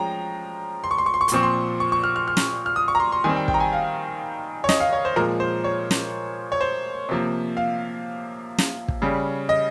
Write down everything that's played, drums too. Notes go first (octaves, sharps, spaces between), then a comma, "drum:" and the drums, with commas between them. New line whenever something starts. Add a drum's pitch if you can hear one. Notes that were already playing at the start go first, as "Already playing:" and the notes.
Already playing: F3 G#3 C#4 G5 A#5
C6
C#6
C6
C#6
C6
C#6
C6, drum: hi-hat
A#2 F3 C4 C#6
C6
C#6
C#6
F6
F6
F6
drum: snare
F6
D#6
C#6
A#5
C6
C6
D#3 G3 C4 G#5
G5
G5, drum: kick
A#5
G#5
F5
C#5
D#5, drum: snare
F5
C#5
C5
A#2 F3 G#3 A#4
C5
C#5
drum: snare
C#5
C5
C3 F3 A#3
F5
drum: snare
drum: kick
C#3 G3 C#4
D#5